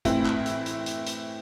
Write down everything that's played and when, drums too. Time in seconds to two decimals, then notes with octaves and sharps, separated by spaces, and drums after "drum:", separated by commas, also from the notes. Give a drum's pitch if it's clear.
0.05 A2 E3 C4 E4, drum: kick, hi-hat
0.25 drum: clap
0.46 drum: hi-hat
0.66 drum: hi-hat
0.86 drum: hi-hat
1.06 drum: hi-hat